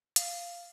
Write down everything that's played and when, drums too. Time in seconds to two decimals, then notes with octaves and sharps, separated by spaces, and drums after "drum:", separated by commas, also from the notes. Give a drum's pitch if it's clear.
0.16 F5, drum: hi-hat